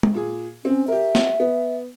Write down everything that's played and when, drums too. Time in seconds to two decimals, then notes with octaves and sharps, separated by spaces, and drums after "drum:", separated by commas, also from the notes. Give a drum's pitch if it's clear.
0.03 drum: tom G#3
0.14 A#2 G#4
0.65 C4 C#4
0.88 G4 A#4 E5
1.15 drum: snare
1.40 B3